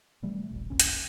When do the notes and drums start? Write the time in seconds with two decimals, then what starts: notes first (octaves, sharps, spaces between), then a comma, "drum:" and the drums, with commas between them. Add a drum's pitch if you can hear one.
0.22 B2 E3 G3 A3
0.51 D#1 A#1
0.70 E1 A#1 D3 C#4
0.80 drum: hi-hat